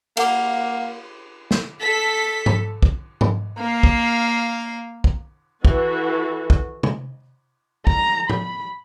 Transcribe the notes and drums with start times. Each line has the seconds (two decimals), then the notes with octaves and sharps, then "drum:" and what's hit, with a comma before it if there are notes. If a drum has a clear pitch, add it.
0.17 A#3 F5 F#5 D6, drum: cymbal
1.51 drum: snare
1.81 A4 B6
2.46 drum: tom G#2
2.82 drum: kick
3.21 drum: tom G#2
3.58 A#3 F5
3.83 drum: kick
5.04 drum: kick
5.65 E3 F#4 A4, drum: kick
6.50 drum: kick
6.83 drum: tom
7.87 A#5, drum: kick
8.30 B5, drum: tom A2